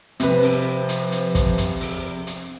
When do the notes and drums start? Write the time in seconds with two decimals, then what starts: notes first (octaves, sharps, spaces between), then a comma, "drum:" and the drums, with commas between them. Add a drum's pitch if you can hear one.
0.20 C3 F3 B4, drum: hi-hat
0.43 drum: open hi-hat
0.89 drum: hi-hat
1.12 drum: hi-hat
1.35 drum: kick, hi-hat
1.58 drum: hi-hat
1.81 drum: open hi-hat
2.27 drum: hi-hat